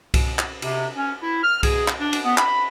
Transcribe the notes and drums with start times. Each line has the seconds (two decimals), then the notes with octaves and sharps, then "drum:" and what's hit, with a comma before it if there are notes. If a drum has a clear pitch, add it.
0.14 drum: kick C2, cymbal
0.39 drum: clap
0.62 C3, drum: cymbal
0.96 C#4
1.22 E4
1.43 F6
1.63 G#4, drum: kick C2, cymbal
1.88 drum: clap
2.00 D4
2.13 drum: cymbal
2.25 B3
2.38 B5, drum: clap